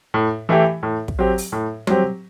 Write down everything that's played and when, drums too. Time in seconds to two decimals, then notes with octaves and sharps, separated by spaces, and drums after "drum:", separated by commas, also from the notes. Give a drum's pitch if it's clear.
0.14 A2
0.49 E3 A3 E4 G4
0.83 A2
1.08 drum: kick
1.19 F#3 C4 G4
1.38 drum: open hi-hat
1.52 A2
1.87 F#3 C4 G4, drum: tom G3